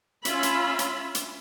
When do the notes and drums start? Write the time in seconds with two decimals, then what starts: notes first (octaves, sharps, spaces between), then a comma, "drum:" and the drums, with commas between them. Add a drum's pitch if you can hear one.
0.25 C#4 F4 E5 B5, drum: hi-hat
0.43 drum: hi-hat
0.79 drum: hi-hat
1.15 drum: hi-hat